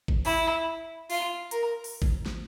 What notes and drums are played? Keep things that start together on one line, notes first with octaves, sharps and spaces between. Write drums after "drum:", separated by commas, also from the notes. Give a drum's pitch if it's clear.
drum: kick A1
E4, drum: open hi-hat
F4, drum: open hi-hat
A#4, drum: hi-hat
drum: open hi-hat
drum: kick A1
drum: snare